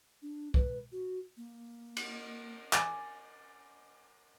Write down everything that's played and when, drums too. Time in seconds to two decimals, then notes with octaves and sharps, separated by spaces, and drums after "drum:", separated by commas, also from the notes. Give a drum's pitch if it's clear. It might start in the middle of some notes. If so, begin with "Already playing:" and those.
0.22 D4
0.54 B4, drum: kick
0.92 F#4
1.37 A#3
1.97 drum: cymbal
2.73 G#5 D6 A6, drum: clap